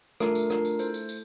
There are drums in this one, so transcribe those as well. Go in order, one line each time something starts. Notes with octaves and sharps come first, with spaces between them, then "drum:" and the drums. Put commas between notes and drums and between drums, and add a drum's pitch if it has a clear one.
A3 D4 F4 A4 A#4, drum: rim click
drum: tambourine
A3 D4 F4 A4 A#4, drum: rim click
drum: tambourine
A3 E4 A4 C5, drum: tambourine
drum: tambourine
A4, drum: tambourine